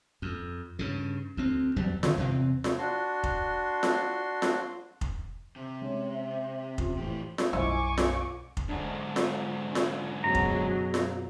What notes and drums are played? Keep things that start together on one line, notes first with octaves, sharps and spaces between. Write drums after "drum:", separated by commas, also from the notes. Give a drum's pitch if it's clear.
F2
G2 C#3
D2 C4
E2 F#3 G3
D3 D#3, drum: snare F4
E2 C3 C4
drum: snare F4
D4 F#4 C6
drum: kick F1
drum: snare F4
drum: snare F4
drum: kick F1
C3
G#3 C#4 D4 C#5
E5
F1 C#4 F4, drum: kick F1
A2 E3 F3 A3 G4
drum: snare F4
B1 F#2 E4 C5 D#5 G#5 C#6 D6
drum: snare F4
drum: kick F1
G#2 D3 G#3 D4
drum: snare F4
drum: snare F4
F#2 B2 F#3 G#4 A#5
drum: kick F1
drum: snare F4